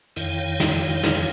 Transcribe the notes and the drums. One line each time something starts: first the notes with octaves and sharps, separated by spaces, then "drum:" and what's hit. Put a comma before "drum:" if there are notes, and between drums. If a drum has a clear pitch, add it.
F2 D#3 E4 C#5 F5 G5, drum: hi-hat
drum: snare
drum: snare